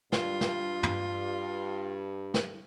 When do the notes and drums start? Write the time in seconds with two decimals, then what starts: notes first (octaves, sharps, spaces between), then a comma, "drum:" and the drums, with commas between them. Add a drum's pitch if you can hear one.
0.12 G2 F4, drum: snare
0.41 drum: snare
0.83 drum: tom
2.34 drum: snare